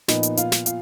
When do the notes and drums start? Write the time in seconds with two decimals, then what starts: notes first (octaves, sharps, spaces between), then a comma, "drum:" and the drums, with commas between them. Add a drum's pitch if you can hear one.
0.08 A#2 F3 B3 D#4 D#5, drum: snare
0.23 drum: hi-hat
0.37 F4 F5, drum: hi-hat
0.52 drum: snare
0.66 F4 F5, drum: hi-hat